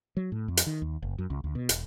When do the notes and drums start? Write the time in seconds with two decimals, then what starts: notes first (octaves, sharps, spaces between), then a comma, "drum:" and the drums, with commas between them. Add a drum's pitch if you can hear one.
0.17 F#3
0.32 A2
0.48 F2
0.57 drum: hi-hat
0.67 D#3
0.82 D#2
1.03 F#1
1.19 F#2
1.30 C#2
1.44 D2
1.55 B2
1.69 E1, drum: hi-hat